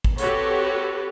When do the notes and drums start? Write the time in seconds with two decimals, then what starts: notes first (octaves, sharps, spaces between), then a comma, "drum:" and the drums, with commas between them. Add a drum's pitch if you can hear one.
0.04 drum: kick
0.18 C4 F#4 G4 A4 B4 C#5, drum: hi-hat